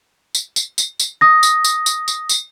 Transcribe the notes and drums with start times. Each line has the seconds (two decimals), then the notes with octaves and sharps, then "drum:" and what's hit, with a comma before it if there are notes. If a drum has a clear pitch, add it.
0.35 drum: tambourine
0.56 drum: tambourine
0.78 drum: tambourine
1.00 drum: tambourine
1.21 D#6 A#6
1.43 drum: tambourine
1.64 drum: tambourine
1.86 drum: tambourine
2.08 drum: tambourine
2.29 drum: tambourine